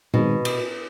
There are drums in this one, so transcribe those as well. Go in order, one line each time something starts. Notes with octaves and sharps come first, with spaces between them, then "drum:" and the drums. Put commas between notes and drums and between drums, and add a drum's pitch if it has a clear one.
B2 D#3 G#3 C4 D#4, drum: tom A#2
drum: cymbal